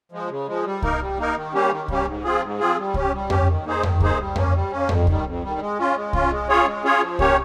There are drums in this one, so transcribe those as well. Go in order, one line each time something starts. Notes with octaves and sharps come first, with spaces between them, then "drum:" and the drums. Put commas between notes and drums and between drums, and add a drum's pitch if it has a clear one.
F3 G#3
C#3
F3 G#3
G3
A#3 D#4 A#4, drum: kick C2
G3
A#3 D#4 A#4
D#3
G3 A#3 C#4 G4
D#3
G3 A#3 C#4 G4, drum: kick C2
G#2
F3 C4 F4 G#4
G#2
F3 C4 F4 G#4
G3
C#4 G4, drum: kick C2
G3
C#4 G4, drum: tom F2
D#3
A#3 D#4 G#4 C5
D#3, drum: tom F2
A#3 D#4 G#4 C5, drum: kick C2
G3
A#3 C#4, drum: tom F2
G3
A#3 C#4
F2, drum: tom F2
D#3 G3, drum: kick C2
F2
D#3 G3
G#3
C#4 F4
G#3
C#4 F4, drum: kick C2
G#3
C#4 F4 G#4 C#5
G#3
C#4 F4 G#4 C#5
F3
A#3 C#4 G4 C#5, drum: kick C2